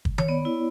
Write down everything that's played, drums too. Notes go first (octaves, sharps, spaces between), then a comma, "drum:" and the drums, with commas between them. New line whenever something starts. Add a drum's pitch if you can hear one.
drum: kick
C#5, drum: tom D#3
B3 D5
E4